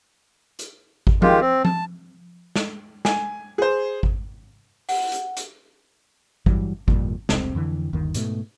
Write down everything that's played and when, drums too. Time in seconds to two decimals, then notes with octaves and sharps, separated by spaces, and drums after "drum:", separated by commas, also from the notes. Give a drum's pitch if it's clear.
0.59 drum: hi-hat
1.07 drum: kick G#1
1.22 D#3 G#3 F4 G4, drum: tom F3
1.41 C4
1.65 A5, drum: tom F3
2.56 drum: snare
3.05 G#5, drum: snare
3.58 G#4 C5
4.03 drum: kick G#1
4.89 F#5, drum: open hi-hat
5.12 drum: hi-hat
5.37 drum: hi-hat
6.46 G2 E3 F#3 G3, drum: kick G#1
6.88 G#1 F2 A#2 G3, drum: kick G#1
7.29 E1 C2 C3 C4, drum: snare
7.55 F2 D3 E3
7.93 G1 D#2 D#3
8.14 G#2 B2 G#3 A3, drum: hi-hat